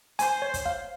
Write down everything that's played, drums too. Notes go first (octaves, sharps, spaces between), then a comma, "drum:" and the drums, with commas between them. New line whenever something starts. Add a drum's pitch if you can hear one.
C5 G#5, drum: hi-hat
C#5
drum: kick, hi-hat
F5